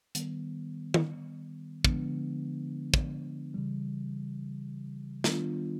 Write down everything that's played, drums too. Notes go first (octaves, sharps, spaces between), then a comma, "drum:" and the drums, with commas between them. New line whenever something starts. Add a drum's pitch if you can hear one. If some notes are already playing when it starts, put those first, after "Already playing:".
D#3 G3 B3, drum: hi-hat
drum: tom
D3 F3 G#3 B3 D4, drum: kick
drum: kick
C#3 E3 G3
D#3 G3 B3 D4 F4, drum: snare